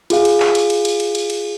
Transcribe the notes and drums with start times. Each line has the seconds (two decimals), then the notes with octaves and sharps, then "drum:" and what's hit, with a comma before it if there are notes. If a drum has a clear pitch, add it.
0.10 F4 G#4 F5, drum: cymbal
0.25 drum: cymbal
0.40 drum: clap
0.55 drum: cymbal
0.70 drum: cymbal
0.85 drum: cymbal
1.00 drum: cymbal
1.15 drum: cymbal
1.30 drum: cymbal